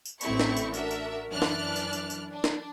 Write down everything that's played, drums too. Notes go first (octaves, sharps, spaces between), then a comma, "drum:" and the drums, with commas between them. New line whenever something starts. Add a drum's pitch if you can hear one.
drum: tambourine
A1 D3 C4 E4 C#6, drum: tambourine
drum: snare
drum: tambourine
D4 F#4 A#4 E5, drum: tambourine
drum: tambourine
F#2 E3 D4 D5 F6 F#6
drum: snare
drum: tambourine
drum: tambourine
drum: tambourine
D4
drum: snare